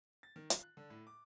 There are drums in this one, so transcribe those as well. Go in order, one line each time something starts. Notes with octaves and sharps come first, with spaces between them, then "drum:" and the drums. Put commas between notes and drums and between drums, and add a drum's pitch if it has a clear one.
A6
D#3
F4, drum: hi-hat
F#6
D3
A2
D6